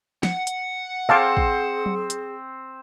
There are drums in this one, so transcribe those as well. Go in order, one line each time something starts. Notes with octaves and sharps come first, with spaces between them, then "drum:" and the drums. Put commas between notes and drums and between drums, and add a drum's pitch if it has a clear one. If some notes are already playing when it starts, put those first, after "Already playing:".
F#5, drum: snare
drum: hi-hat
C4 G#4 C5 F5 A5 D6
drum: kick
drum: tom F#3
drum: hi-hat